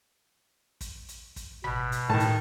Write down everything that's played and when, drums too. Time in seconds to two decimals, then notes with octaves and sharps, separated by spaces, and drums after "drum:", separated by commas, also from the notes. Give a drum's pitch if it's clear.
0.81 drum: kick, hi-hat
1.08 drum: hi-hat
1.36 drum: kick, hi-hat
1.64 B2 B5, drum: tom G1
1.92 drum: hi-hat
2.10 A2 D#3 A5
2.20 drum: hi-hat